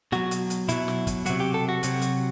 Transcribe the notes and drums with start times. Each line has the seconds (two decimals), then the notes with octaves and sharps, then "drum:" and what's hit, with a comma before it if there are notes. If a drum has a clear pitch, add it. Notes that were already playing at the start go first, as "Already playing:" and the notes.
0.12 B2 F#3 F#4, drum: snare
0.31 drum: hi-hat
0.50 drum: hi-hat
0.69 B2 F#3 E4, drum: hi-hat
0.88 drum: snare
1.07 drum: kick, hi-hat
1.26 C3 F#3 F#4, drum: hi-hat
1.40 G4
1.54 A4
1.69 F#4
1.83 C3 F#3, drum: hi-hat
2.01 drum: hi-hat